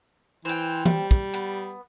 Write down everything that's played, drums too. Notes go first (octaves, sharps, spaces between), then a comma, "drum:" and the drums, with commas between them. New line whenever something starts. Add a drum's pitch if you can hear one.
E3 C5 G5
G3, drum: tom E3
drum: kick
B3